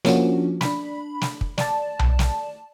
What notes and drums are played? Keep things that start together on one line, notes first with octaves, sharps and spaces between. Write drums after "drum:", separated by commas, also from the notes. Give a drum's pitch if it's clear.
F3 A#3 C#4 D4 F#4, drum: snare
D4 B5, drum: snare
drum: snare
drum: kick
D5 A5, drum: snare
drum: tom B1
drum: snare